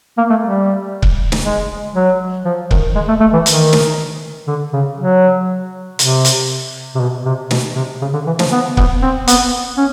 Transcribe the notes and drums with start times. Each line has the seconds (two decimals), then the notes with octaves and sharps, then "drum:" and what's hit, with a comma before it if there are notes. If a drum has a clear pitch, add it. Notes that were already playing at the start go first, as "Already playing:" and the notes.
0.18 A#3
0.30 A3
0.43 G3
1.03 drum: kick C#1
1.32 drum: snare
1.44 G#3
1.94 F#3
2.45 F3
2.71 D#3, drum: kick C#1
2.95 G#3
3.08 A3
3.21 A3
3.33 E3
3.46 D#3, drum: hi-hat
3.73 drum: snare
4.47 D3
4.73 C#3
4.98 F#3
5.99 C3, drum: hi-hat
6.25 drum: hi-hat
6.95 C3
7.00 B2
7.25 C3
7.51 B2, drum: snare
7.76 C3
8.02 C#3
8.14 D3
8.27 E3
8.39 F3, drum: snare
8.52 B3
8.77 B3, drum: kick C#1
9.02 C4
9.27 B3, drum: hi-hat
9.78 C#4